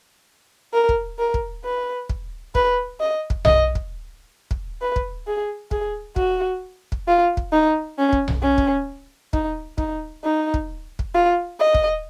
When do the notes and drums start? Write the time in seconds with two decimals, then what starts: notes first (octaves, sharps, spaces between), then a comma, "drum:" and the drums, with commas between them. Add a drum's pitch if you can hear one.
0.73 A#4
0.89 drum: kick
1.18 A#4
1.34 drum: kick
1.65 B4
2.09 drum: kick
2.55 B4, drum: kick
3.00 D#5
3.30 drum: kick
3.45 D#5, drum: tom B1
3.75 drum: kick
4.51 drum: kick
4.81 B4
4.96 drum: kick
5.27 G#4
5.71 G#4, drum: kick
6.16 F#4, drum: kick
6.92 drum: kick
7.08 F4
7.37 drum: kick
7.52 D#4
7.98 C#4
8.13 drum: kick
8.28 drum: tom B1
8.42 C#4
8.58 drum: kick
9.33 D#4, drum: kick
9.78 D#4, drum: kick
10.24 D#4
10.54 drum: kick
10.99 drum: kick
11.14 F4
11.60 D#5
11.74 drum: kick